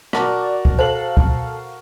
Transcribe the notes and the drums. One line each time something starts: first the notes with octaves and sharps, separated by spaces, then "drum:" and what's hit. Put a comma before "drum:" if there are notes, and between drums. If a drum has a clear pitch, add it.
F#4 A#4 D5 A5, drum: rim click
drum: kick
A4 C5 F5 F#7
drum: kick